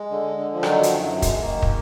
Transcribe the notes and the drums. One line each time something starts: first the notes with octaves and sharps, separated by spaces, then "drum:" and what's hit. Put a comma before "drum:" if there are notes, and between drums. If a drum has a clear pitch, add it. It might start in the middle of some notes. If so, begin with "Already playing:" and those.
Already playing: G#3
D3
D3
F3
D#3 F#3, drum: rim click
F3, drum: hi-hat
F#2
F#3
D#3
G#3, drum: kick, hi-hat
D#3 A#3
drum: kick